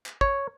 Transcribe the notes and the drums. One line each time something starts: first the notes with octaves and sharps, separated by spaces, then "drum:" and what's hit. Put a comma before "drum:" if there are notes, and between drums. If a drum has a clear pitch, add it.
drum: clap
C#5, drum: kick